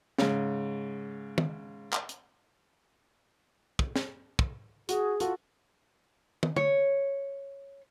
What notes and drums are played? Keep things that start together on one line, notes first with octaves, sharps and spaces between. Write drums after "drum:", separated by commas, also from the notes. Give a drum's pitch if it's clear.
G#2 C#3, drum: snare
drum: tom
drum: clap
drum: hi-hat
drum: kick
drum: snare
drum: kick
F#4 G#4, drum: hi-hat
F4 F#4 A4, drum: hi-hat
drum: tom
C#5, drum: tom